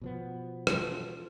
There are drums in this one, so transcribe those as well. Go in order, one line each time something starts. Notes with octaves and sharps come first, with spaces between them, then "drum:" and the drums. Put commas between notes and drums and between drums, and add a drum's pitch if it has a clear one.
B2 F3 B3
E3 F4 A4, drum: rim click